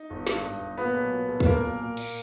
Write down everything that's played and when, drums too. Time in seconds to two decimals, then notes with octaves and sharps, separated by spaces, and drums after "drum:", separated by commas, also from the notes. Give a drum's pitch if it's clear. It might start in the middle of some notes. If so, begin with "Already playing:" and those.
Already playing: D#4 D#5
0.10 G1
0.27 G2, drum: snare
0.44 G2
0.60 G1
0.77 A#2 B3 B4
0.95 B1
1.12 A#2
1.28 B1
1.40 B4, drum: kick
1.46 B1 A#3 A#4
1.63 A#2
1.80 A#2
1.97 A#2, drum: cymbal